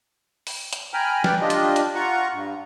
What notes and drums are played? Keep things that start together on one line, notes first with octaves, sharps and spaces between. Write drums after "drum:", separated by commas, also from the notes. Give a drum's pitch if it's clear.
drum: open hi-hat
drum: hi-hat
G5 G#5 A#5 B5 F6
B4 D5 G5, drum: snare
D4 F4 G4 D#5
drum: hi-hat
drum: hi-hat
F4 F#5 A#5 C#6
G2